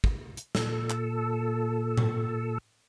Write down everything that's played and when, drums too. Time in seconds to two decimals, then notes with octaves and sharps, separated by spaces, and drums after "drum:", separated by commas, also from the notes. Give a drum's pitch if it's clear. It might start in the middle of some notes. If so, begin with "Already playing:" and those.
0.04 drum: kick
0.37 drum: hi-hat
0.55 A#2 A4, drum: snare
0.90 drum: clap
1.97 drum: tom A2